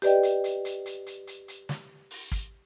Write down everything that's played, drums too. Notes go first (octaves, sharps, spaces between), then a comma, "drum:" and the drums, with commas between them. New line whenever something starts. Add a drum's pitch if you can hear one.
G4 B4 D5 D#5 G5, drum: hi-hat
drum: hi-hat
drum: hi-hat
drum: hi-hat
drum: hi-hat
drum: hi-hat
drum: hi-hat
drum: hi-hat
drum: snare
drum: open hi-hat
drum: kick, hi-hat